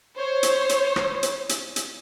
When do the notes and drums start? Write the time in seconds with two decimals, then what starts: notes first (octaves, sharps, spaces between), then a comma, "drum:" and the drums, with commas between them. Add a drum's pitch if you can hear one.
0.16 C5 C#5
0.43 drum: hi-hat
0.69 drum: hi-hat
0.96 drum: rim click
1.23 drum: hi-hat
1.49 drum: hi-hat
1.76 drum: hi-hat